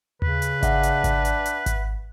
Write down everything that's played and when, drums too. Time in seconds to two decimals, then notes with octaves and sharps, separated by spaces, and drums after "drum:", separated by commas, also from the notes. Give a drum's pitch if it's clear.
0.22 C#3 B4, drum: tom D#2
0.42 drum: hi-hat
0.63 D4 E5 F#5, drum: kick G#1, hi-hat
0.83 drum: hi-hat
1.04 drum: kick G#1, hi-hat
1.25 drum: hi-hat
1.45 drum: hi-hat
1.66 drum: kick G#1, hi-hat